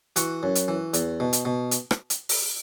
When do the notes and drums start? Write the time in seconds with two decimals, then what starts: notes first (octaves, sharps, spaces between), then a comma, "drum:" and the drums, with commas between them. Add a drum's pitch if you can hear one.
0.16 E3 F#4, drum: hi-hat
0.43 F#2
0.55 drum: hi-hat
0.68 E3
0.94 E2, drum: hi-hat
1.20 B2
1.33 drum: hi-hat
1.45 B2
1.71 drum: hi-hat
1.91 drum: rim click
2.10 drum: hi-hat
2.29 drum: open hi-hat